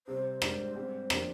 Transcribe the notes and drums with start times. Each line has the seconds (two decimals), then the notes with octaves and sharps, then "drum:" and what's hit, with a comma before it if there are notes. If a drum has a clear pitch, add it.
0.07 C3 G3 C4 C5
0.42 G#2 G3 D4, drum: rim click
0.75 G#2 G3 C4 G4
1.10 F3 A#3 D4 G4, drum: rim click